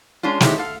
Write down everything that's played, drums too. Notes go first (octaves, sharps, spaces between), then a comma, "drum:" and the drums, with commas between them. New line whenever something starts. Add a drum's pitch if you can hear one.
G#3 C#4 D4 F4
D#3 F#3 G#3 C4 E4 G4, drum: snare
A4 F5